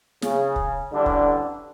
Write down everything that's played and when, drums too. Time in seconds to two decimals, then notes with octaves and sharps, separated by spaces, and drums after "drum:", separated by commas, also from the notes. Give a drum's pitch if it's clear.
0.22 C#3, drum: snare
0.56 drum: kick
0.93 A1 D3 G3 D4
1.06 drum: kick